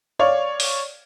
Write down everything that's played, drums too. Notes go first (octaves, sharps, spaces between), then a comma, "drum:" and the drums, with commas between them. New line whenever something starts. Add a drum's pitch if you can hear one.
C#5 D5 F5
drum: open hi-hat